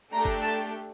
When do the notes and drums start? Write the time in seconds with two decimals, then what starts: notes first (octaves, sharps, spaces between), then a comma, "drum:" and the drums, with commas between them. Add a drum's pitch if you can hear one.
0.12 A3 D4 G4 A#5
0.25 drum: kick F#1
0.41 A5